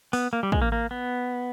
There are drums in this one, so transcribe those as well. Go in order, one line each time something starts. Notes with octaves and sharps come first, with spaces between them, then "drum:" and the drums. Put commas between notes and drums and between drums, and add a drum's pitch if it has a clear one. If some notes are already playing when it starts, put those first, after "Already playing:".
B3, drum: open hi-hat
A#3
G3
G#3, drum: kick
A#3
A#3
B3